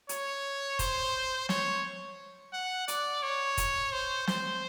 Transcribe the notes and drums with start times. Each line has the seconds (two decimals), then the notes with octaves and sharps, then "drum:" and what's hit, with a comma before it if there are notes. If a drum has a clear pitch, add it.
0.09 C#5, drum: hi-hat
0.79 C5, drum: kick, hi-hat
1.49 C#5, drum: snare
2.53 F#5
2.88 D5, drum: hi-hat
3.23 C#5
3.57 drum: kick, hi-hat
3.93 C5
4.27 C5, drum: snare